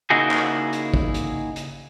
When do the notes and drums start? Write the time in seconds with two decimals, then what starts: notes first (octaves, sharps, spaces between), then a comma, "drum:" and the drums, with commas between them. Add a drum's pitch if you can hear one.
0.10 C#3 A#3 D#4 E4 F#4 G#4
0.31 drum: clap
0.73 drum: hi-hat
0.94 drum: kick
1.14 drum: hi-hat
1.56 drum: hi-hat